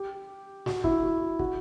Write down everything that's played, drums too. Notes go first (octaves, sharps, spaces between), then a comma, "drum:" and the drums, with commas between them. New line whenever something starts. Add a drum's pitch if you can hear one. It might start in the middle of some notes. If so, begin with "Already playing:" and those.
Already playing: G4
F#4, drum: snare
E4, drum: kick
F#4
F#4, drum: kick